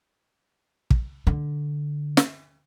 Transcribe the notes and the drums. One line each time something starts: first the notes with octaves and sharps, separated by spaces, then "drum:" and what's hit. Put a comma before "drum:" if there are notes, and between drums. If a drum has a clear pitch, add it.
drum: kick
D3
drum: snare